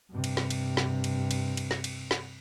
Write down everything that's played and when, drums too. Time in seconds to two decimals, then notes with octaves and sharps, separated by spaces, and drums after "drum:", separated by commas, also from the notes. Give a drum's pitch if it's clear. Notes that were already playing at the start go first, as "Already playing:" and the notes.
0.10 G2 C3
0.24 drum: cymbal
0.37 drum: snare
0.50 drum: cymbal
0.77 drum: snare
1.04 drum: cymbal
1.31 drum: cymbal
1.57 drum: cymbal
1.71 drum: snare
1.84 drum: cymbal
2.11 drum: snare